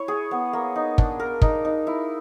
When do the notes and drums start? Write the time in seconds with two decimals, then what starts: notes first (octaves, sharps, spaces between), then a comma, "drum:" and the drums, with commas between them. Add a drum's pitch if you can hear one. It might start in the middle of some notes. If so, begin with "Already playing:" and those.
Already playing: E4 C#5
0.08 G#4
0.31 B3
0.53 A#3
0.76 D#4
0.98 D4, drum: kick
1.20 A#4
1.42 D#4, drum: kick
1.65 D#4
1.87 E4